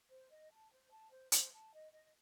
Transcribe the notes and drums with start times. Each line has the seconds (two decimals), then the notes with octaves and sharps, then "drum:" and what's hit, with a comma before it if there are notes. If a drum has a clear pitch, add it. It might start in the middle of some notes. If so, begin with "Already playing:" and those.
0.09 C5
0.31 D#5
0.51 A5
0.72 C5
0.91 A5
1.11 C5
1.32 C5, drum: hi-hat
1.52 A5
1.73 D#5
1.92 D#5